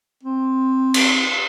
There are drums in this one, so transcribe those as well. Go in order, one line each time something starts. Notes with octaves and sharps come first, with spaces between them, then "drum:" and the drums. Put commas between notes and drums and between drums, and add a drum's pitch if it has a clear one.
C4
drum: cymbal